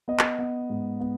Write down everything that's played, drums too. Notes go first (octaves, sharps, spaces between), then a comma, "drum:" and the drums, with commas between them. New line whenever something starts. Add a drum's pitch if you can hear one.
B3 D#5
drum: clap
B3
G#2
B3